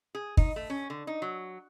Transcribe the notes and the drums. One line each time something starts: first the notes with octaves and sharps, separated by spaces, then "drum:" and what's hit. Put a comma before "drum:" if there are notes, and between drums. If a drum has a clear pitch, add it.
G#4
D#4, drum: kick
A3
C#4
D3
D#4
F#3